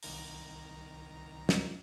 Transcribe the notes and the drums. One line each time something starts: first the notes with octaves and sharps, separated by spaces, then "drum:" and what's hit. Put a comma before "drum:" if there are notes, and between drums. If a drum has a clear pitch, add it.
C2 D#3 A#5, drum: open hi-hat
drum: snare